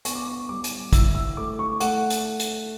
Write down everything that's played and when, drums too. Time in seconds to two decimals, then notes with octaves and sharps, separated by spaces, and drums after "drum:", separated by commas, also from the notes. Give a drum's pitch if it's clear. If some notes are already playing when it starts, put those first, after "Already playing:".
0.05 B3 C#6, drum: hi-hat
0.15 D6
0.27 C#6
0.49 G3 D6
0.64 drum: hi-hat
0.93 E4 E6, drum: kick, hi-hat
1.15 E6
1.37 A3 D6
1.59 C#6
1.80 A3 F#5, drum: hi-hat
2.10 drum: hi-hat
2.39 drum: hi-hat